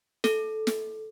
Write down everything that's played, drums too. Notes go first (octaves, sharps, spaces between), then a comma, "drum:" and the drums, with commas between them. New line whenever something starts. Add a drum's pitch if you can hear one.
A4, drum: snare
drum: snare